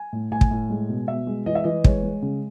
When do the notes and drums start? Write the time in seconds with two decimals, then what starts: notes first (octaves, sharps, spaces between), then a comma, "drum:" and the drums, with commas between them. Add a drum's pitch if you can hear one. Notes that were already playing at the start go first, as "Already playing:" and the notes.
Already playing: G#5
0.13 A2
0.31 A2 G#5
0.41 drum: kick
0.51 A2
0.70 G#3
0.89 B2
1.08 B2 E5
1.27 G#3
1.46 E3 D#5
1.55 E5
1.64 E3 D#5
1.84 G#3 C#5, drum: kick
2.03 G#3
2.22 C#3